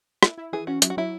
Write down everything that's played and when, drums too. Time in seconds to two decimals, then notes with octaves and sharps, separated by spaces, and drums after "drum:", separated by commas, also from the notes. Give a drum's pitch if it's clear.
0.23 E4, drum: rim click
0.38 E4
0.53 E3 G#4
0.67 C#4 F#4
0.82 F#3 E4, drum: hi-hat
0.90 F#4
0.97 F#3 E4